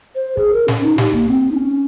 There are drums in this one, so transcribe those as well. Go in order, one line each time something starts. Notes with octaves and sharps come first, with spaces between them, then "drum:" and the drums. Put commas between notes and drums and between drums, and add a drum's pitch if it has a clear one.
C5
G#4, drum: kick
A#4
C#4, drum: snare
D#4
G4, drum: snare
A#3, drum: kick
C4
D#4
C#4